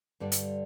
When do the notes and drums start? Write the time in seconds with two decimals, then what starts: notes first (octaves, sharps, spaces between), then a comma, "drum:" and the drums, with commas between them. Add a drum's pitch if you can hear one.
0.20 G2 D3 G3 D5
0.32 drum: hi-hat